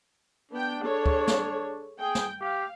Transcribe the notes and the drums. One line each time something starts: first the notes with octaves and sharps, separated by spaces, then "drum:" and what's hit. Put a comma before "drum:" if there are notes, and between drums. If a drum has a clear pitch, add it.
B3 D4 G5
G#4 A4 C#5
drum: kick
drum: snare
G#4 G5
drum: snare
G4 F5